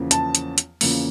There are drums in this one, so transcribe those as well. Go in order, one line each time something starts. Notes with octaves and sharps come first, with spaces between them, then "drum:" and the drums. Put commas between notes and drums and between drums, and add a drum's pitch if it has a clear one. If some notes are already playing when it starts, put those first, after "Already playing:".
Already playing: E2 C#3 F3 A#3
A5, drum: hi-hat
drum: hi-hat
drum: hi-hat
E2 C#3 F3 A#3, drum: open hi-hat